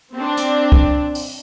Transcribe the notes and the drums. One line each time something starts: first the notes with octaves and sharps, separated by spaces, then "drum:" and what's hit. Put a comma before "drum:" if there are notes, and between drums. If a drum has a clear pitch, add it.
C4 D4
drum: hi-hat
drum: kick
drum: open hi-hat